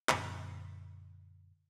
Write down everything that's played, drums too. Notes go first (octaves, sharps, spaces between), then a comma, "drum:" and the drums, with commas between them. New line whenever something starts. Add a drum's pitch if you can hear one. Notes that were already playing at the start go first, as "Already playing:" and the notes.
F#2 A#2 D3 C4, drum: clap